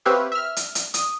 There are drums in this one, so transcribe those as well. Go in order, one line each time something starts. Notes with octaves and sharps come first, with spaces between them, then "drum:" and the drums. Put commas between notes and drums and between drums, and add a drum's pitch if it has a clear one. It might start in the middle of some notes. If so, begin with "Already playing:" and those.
C4 G4 B4 C#5 E5 F5
E5 F6
drum: hi-hat
drum: hi-hat
D#6, drum: hi-hat